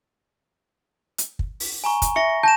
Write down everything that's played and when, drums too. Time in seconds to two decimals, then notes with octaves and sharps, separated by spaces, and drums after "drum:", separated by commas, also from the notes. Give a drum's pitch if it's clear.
1.18 drum: hi-hat
1.39 drum: kick
1.60 drum: open hi-hat
1.84 G#5 A#5 C#6
2.02 drum: kick, hi-hat
2.16 E5 C#6 A#6 C#7
2.30 C#6
2.43 A5 G6 A#6 E7